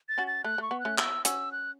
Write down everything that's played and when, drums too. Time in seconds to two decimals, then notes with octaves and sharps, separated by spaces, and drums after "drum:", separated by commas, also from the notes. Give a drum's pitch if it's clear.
0.09 A6
0.18 C#4 F#4
0.27 A6
0.44 A3 F#6
0.58 A3 C#6
0.71 B3
0.80 F#6
0.85 A3 C#4
0.98 B3 E4 E6, drum: clap
1.25 C#4 F#4 E6, drum: hi-hat
1.52 F#6